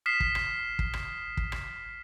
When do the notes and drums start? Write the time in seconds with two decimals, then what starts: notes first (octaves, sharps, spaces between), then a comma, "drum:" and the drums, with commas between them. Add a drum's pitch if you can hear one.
0.06 D#6 F6 B6 C7 E7
0.20 drum: kick
0.35 drum: rim click
0.79 drum: kick
0.93 drum: rim click
1.37 drum: kick
1.52 drum: rim click